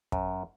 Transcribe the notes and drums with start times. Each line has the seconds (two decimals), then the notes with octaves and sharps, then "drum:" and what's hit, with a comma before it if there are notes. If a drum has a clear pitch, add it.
0.12 F#2, drum: kick